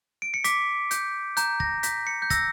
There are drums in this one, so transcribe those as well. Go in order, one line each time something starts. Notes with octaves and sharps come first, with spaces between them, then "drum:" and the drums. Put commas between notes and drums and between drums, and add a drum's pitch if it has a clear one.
D7
C#7
D6 B6, drum: hi-hat
G6, drum: hi-hat
A#5 G6, drum: hi-hat
A#6, drum: kick
G6 B6, drum: hi-hat
C#7
G6
E6 A#6, drum: kick, hi-hat